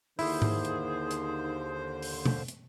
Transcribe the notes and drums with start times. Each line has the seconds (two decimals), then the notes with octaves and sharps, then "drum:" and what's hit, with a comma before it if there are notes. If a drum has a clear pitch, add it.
0.19 D#2 D3 D#3 E4 G#4 C5, drum: open hi-hat
0.42 drum: tom G#2
0.65 drum: hi-hat
1.11 drum: hi-hat
2.02 drum: open hi-hat
2.25 drum: tom B2
2.48 drum: hi-hat